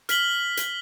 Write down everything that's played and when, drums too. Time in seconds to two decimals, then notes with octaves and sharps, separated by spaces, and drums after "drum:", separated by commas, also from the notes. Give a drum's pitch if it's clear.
0.09 F6 B6 F#7 G7, drum: hi-hat
0.57 drum: hi-hat